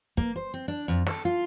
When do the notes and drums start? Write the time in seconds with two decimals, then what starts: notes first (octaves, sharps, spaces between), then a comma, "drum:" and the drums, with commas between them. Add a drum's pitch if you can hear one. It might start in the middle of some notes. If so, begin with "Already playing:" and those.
0.17 A#3, drum: kick
0.36 C5
0.54 C4
0.68 D4
0.88 F2
1.06 A4, drum: snare
1.25 F4